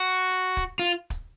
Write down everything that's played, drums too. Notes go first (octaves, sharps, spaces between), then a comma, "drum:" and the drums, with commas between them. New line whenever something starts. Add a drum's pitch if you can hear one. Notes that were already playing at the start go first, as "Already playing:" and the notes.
Already playing: F#4
drum: hi-hat
drum: kick, hi-hat
F4
drum: kick, hi-hat